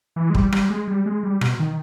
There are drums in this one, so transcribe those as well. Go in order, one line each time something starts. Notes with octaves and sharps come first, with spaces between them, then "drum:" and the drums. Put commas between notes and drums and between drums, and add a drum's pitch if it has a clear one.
E3
G#3
G3, drum: kick
G3, drum: rim click
G#3
G3
G#3
G3
B2, drum: rim click
D#3